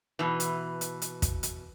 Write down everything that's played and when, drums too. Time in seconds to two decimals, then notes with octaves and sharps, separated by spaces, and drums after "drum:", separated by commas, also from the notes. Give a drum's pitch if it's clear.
0.19 B2 E3
0.40 drum: hi-hat
0.81 drum: hi-hat
1.02 drum: hi-hat
1.22 drum: kick, hi-hat
1.43 drum: hi-hat